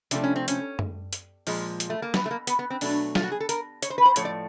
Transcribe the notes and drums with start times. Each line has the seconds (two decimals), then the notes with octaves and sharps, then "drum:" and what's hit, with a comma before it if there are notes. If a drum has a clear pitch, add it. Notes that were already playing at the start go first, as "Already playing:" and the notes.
0.11 C3 F3 A3 D4, drum: hi-hat
0.24 C#4
0.36 C4
0.48 C#4, drum: hi-hat
0.79 drum: tom F#2
1.13 drum: hi-hat
1.47 A#2 F3 G#3, drum: open hi-hat
1.80 drum: hi-hat
1.90 A3
2.02 A#3
2.14 B3, drum: snare
2.26 A3
2.31 A#3
2.47 B3, drum: hi-hat
2.59 B3
2.70 C4
2.81 B2 F#3 A3 D4, drum: open hi-hat
3.15 F4, drum: snare
3.23 F#4
3.31 G#4
3.40 A4
3.49 A#4, drum: hi-hat
3.82 C#5, drum: hi-hat
3.90 C5
3.98 B4
4.06 C5
4.16 A2 F3 A3 C#5, drum: hi-hat
4.25 D5